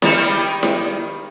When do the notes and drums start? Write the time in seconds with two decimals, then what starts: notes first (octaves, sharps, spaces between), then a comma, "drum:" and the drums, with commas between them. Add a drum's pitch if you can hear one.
0.02 D#3 G3 D#4, drum: snare E4
0.63 drum: snare E4